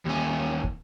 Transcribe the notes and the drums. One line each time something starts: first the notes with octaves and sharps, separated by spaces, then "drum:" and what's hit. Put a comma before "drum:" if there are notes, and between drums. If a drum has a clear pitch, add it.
D#2 C#4
drum: kick